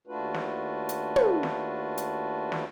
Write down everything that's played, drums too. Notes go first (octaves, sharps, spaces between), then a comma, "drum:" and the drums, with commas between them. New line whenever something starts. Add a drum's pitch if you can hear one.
D#2 A3 D4 F4 F#4 B4
drum: snare
drum: hi-hat
drum: tom
drum: snare
drum: hi-hat
drum: snare